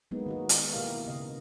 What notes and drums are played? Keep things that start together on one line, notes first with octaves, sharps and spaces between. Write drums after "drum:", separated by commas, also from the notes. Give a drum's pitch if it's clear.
F#3 G#3 A#3 B3 D#4
D#3 D#4 F#4
drum: hi-hat
B2 A#3 E4 G4 A#4 F5
C#3 D#5